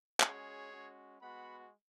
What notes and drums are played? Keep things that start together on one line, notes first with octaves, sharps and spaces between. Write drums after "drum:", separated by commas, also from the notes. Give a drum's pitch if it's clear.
G#3 C#4 F#4 G#4 C#5, drum: clap
G#3 C#4 F#4
G#3 B3 F#4 F#5 B5